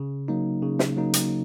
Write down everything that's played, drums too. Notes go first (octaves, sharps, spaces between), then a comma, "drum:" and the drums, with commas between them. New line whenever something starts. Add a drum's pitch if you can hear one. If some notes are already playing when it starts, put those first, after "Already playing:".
Already playing: C#3
F#3 A#3 D#4
C#3
drum: snare
F#3 A#3 D#4
drum: hi-hat